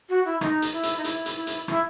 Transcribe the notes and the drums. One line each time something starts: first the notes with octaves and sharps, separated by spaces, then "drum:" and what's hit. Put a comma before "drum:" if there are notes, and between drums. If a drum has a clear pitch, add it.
F#4
E4
D#4, drum: rim click
drum: hi-hat
E4
drum: hi-hat
D#4
E4, drum: hi-hat
drum: hi-hat
E4
drum: hi-hat
E4, drum: rim click